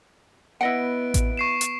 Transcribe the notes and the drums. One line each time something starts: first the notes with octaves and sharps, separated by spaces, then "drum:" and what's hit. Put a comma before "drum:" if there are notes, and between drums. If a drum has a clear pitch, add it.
B3 E4 D#5 F#5 D7
drum: kick A1, hi-hat
C#6 C7 E7
drum: hi-hat